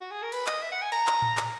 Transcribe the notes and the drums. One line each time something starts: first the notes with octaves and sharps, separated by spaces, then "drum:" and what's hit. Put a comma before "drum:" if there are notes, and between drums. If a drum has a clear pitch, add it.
F#4
G#4
A#4
B4, drum: cymbal
D#5, drum: clap
E5
F#5
G#5
A#5, drum: cymbal
drum: clap
drum: tom A2
drum: clap